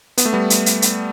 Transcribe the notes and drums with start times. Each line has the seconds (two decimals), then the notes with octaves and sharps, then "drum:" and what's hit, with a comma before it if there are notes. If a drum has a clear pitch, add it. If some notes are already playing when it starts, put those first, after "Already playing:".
0.18 B3, drum: hi-hat
0.26 A3
0.33 G3 B3
0.50 drum: hi-hat
0.66 drum: hi-hat
0.82 drum: hi-hat